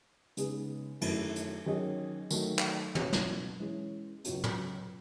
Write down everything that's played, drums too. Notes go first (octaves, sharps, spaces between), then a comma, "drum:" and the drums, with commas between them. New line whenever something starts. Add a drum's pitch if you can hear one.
C#3 G#3 B3 D#4 G#4, drum: hi-hat
F#2 D#3 A3 E4 B4, drum: cymbal
drum: hi-hat
D#3 F#3 C#4 G#4 D#5
D#3 F#3 A3 D#4, drum: tambourine
drum: clap
B2 F#3 C#4 F#4, drum: tom
drum: snare
E3 G#3 C#4
C#2 C#3 F#3 B3, drum: hi-hat
drum: tom